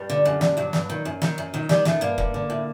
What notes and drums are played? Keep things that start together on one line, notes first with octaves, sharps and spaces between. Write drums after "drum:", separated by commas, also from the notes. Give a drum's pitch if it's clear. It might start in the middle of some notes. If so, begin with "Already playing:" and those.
Already playing: G2 G3
D3
F#2
D3, drum: snare
G2 F#3
G2, drum: snare
D#3
F#2
D#3, drum: snare
F#2
D#3 F#3
D#3 G3, drum: snare
F#2 A3, drum: snare
G2 A#3
D3, drum: kick
D3
A2